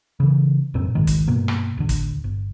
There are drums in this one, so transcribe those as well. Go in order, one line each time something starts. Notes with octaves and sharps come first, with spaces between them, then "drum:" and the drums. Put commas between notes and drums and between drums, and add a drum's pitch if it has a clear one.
C#3 E3
F#1 F2 A#2 C4
C#2 G#2 D#3
drum: kick, hi-hat
G2 B2 A#3
drum: rim click
D1 D3
drum: kick, hi-hat
G1